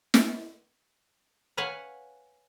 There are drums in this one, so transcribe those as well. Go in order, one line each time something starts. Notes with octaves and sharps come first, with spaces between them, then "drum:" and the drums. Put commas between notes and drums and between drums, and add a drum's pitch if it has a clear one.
drum: snare
B4 C#5 F5 F#5 G#5